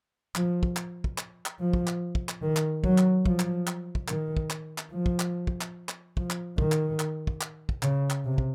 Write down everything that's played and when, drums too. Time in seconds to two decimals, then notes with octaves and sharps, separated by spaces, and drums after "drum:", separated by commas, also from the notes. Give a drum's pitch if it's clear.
0.35 F3, drum: clap
0.63 drum: kick
0.77 drum: clap
1.04 drum: kick
1.18 drum: clap
1.46 drum: clap
1.60 F3
1.73 drum: kick
1.87 drum: clap
2.15 drum: kick
2.29 drum: clap
2.42 D#3
2.57 drum: clap
2.84 F#3, drum: kick
2.98 drum: clap
3.26 F3, drum: kick
3.40 drum: clap
3.67 drum: clap
3.95 drum: kick
4.08 D#3, drum: clap
4.37 drum: kick
4.50 drum: clap
4.78 drum: clap
4.92 F3
5.06 drum: kick
5.20 drum: clap
5.47 drum: kick
5.61 drum: clap
5.89 drum: clap
6.17 F3, drum: kick
6.30 drum: clap
6.58 D#3, drum: kick
6.72 drum: clap
7.00 drum: clap
7.27 drum: kick
7.41 drum: clap
7.69 drum: kick
7.83 C#3, drum: clap
8.10 drum: clap
8.24 C3
8.38 drum: kick